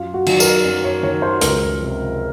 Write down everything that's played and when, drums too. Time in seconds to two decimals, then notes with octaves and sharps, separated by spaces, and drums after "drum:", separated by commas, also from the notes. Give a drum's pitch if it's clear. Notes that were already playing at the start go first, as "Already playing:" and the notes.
Already playing: F#2 F4
0.14 F#4
0.26 D#3 F#3, drum: cymbal
0.40 A#4, drum: tambourine
0.65 F#2
0.84 C#5
1.03 D#3 F#3 C#5
1.22 C5
1.41 C#2 A#4, drum: hi-hat
1.80 C3 F3